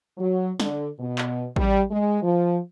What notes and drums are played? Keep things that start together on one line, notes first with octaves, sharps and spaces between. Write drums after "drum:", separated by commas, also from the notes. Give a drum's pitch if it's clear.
F#3
D3, drum: snare
B2
drum: clap
G3, drum: kick A1
G#3
F3